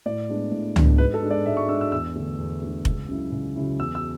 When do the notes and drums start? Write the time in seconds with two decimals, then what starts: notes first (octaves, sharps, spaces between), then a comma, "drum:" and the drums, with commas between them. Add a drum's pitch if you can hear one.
0.06 A2 D5
0.29 G#3 B3 D4
0.52 A2
0.76 G#3 B3 D4, drum: tom C#2
0.98 G#2 B4
1.14 A4
1.23 G#3 D4
1.31 D5
1.46 G#2 E5
1.57 C#6
1.69 G#3 D4 E6
1.81 E6
1.92 E2 E6
2.16 D3 A3
2.38 E2
2.63 D3 A3
2.85 C#2, drum: kick F1
3.08 C#3 F#3 C#4 E4
3.32 C#2
3.56 C#3 F#3 C#4 E4
3.80 E2 E6
3.95 E6